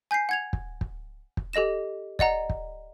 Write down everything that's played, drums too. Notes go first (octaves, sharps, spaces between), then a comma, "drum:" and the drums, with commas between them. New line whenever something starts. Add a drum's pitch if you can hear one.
G#5 G6 B6 C7
F#5 G#6 F7
drum: kick
drum: kick
drum: kick
G4 A4 D#5 A#6 E7
D5 D#5 F#5 A#5, drum: kick
drum: kick